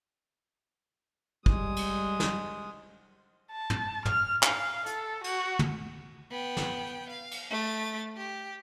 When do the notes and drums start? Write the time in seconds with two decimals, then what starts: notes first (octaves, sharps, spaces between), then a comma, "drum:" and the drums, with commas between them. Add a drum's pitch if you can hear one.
1.46 G3 G#3 D#6, drum: kick
1.76 drum: cymbal
2.20 drum: snare
3.52 A5
3.70 drum: tom
4.05 F6, drum: tom
4.43 F5, drum: clap
4.86 A4, drum: hi-hat
5.24 F#4, drum: cymbal
5.59 drum: tom
6.31 B3 G5
6.57 drum: snare
7.10 F5
7.31 drum: cymbal
7.50 A3 A6
8.16 G4